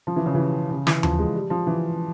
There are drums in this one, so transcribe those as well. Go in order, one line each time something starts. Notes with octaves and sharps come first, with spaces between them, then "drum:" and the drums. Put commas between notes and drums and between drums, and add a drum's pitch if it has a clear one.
F3
E3
C#3
E3
C#3
E3, drum: snare
F3, drum: tom D#2
G#3
G3
F3
E3